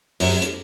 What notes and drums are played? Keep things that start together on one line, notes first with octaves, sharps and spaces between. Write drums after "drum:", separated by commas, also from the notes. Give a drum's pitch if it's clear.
F#2, drum: open hi-hat
drum: hi-hat